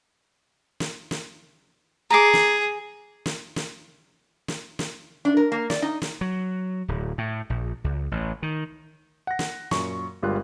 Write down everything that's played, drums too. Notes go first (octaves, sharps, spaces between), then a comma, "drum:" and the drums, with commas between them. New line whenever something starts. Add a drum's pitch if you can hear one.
drum: snare
drum: snare
G#4 A#5 D6
drum: snare
drum: snare
drum: snare
drum: snare
drum: snare
D4
A#4
A#3
D5, drum: snare
D#4
drum: snare
F#3
D1
A2
A#1
C#2
A1
D#3
F#5 A#6
drum: snare
F#2 A#2 C#6, drum: snare
G1 G3 G#3 F4 A#4 F#6